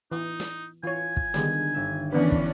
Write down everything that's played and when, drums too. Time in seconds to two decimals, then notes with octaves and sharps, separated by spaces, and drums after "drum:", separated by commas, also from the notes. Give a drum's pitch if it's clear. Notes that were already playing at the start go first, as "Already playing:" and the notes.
0.12 E3 D#4
0.40 drum: snare
0.83 E3 F4 C#5 G#5
1.17 drum: kick
1.34 D3 D#3 G3 G#3 B3, drum: snare
1.74 G1 E5
2.12 D#3 E3 B3 C#4 D4 B4
2.32 drum: kick